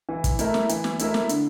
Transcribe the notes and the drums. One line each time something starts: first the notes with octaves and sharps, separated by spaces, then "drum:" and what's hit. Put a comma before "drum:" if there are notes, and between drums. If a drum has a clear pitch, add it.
E3
drum: kick, hi-hat
A3 E4 A#4 E5, drum: hi-hat
drum: snare
E3, drum: hi-hat
drum: snare
A3 E4 A#4 E5, drum: hi-hat
drum: snare
D3, drum: hi-hat